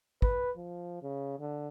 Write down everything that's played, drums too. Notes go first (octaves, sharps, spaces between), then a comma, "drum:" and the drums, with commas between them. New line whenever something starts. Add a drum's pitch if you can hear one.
B4, drum: kick
F3
C#3
D3